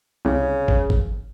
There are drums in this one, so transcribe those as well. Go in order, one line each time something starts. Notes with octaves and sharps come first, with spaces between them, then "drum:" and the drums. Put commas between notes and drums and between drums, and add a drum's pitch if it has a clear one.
C2 C#3
drum: kick
drum: kick